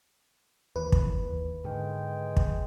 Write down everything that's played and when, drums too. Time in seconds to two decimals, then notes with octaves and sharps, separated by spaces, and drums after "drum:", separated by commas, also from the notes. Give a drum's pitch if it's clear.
0.76 D#2 D#3 E3 B4
0.92 drum: kick
1.64 G#2 D3 D#3 G#3 G5
2.37 drum: kick